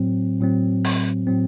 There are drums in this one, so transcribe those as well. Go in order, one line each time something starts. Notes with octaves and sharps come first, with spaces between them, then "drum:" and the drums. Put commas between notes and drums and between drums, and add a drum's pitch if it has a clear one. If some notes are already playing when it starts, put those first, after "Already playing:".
Already playing: A2 F#3 C4
A2 F#3 C4
drum: open hi-hat
A2 F#3 C4